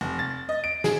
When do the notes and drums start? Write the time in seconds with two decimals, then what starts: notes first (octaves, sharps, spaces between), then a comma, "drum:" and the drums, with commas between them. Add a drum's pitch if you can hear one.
0.01 F1
0.19 A6
0.49 D#5
0.64 D7
0.84 G#4, drum: snare